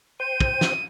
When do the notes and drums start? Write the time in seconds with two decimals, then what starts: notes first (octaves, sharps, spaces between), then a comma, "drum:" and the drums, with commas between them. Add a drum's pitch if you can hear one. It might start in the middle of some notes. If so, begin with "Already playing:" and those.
0.20 C5 G5 D#7
0.40 drum: kick
0.61 drum: snare